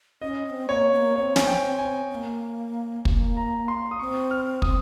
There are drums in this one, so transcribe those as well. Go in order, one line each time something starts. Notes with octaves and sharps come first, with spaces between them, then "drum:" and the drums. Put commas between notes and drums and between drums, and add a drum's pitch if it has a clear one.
C#4 D#5
C#4
C4
A#3 C#5
C4
A#3
C4 C#5
G#5, drum: snare
G5
G#5
C4
A#3
A#3, drum: kick
A#5
C6
D#6
C4 C#6
F6
D#6, drum: kick